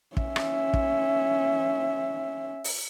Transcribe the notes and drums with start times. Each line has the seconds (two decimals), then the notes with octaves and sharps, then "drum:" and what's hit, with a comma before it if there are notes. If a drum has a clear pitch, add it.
0.17 C#4 E5, drum: kick
0.36 drum: rim click
0.74 drum: kick
2.64 drum: open hi-hat